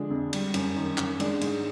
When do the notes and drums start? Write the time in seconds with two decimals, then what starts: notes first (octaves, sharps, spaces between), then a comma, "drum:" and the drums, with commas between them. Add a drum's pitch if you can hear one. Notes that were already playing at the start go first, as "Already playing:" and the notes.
Already playing: D3 F3 G#3 D4
0.10 F2
0.33 G3, drum: cymbal
0.54 F#2, drum: cymbal
0.76 D#3
0.98 F#2, drum: clap
1.20 G#3 D4, drum: cymbal
1.41 G#2, drum: cymbal